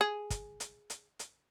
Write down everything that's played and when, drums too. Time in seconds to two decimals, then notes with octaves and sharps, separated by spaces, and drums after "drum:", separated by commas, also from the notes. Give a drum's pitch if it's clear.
0.01 G#4
0.30 drum: kick, hi-hat
0.60 drum: hi-hat
0.90 drum: hi-hat
1.19 drum: hi-hat